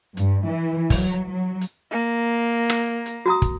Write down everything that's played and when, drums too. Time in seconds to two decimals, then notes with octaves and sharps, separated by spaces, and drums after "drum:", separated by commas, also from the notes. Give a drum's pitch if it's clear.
0.17 G2, drum: hi-hat
0.47 E3
0.90 F#3, drum: kick, open hi-hat
1.31 F#3
1.61 drum: hi-hat
1.92 A#3
2.70 drum: rim click
3.06 drum: hi-hat
3.26 F#4 A#5 D#6
3.42 drum: kick, hi-hat